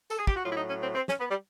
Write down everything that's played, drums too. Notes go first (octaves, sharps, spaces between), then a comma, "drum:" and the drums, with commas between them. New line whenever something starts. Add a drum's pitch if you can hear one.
A4, drum: tambourine
G#4
G4, drum: kick
F#4
A2 F#3 F4
E4
D#4
C#4
C4
C4
C#4, drum: snare
B3
G3